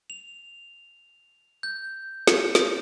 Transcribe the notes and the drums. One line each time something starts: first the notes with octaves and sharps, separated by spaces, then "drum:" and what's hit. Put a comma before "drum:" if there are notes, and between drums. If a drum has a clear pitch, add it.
F7
G6
C#7, drum: snare
drum: snare